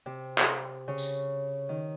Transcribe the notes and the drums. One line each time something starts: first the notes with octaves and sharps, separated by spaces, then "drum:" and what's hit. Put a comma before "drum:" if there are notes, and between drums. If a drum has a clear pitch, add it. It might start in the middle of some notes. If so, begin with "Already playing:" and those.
C3
drum: clap
C#3
drum: tambourine
D#3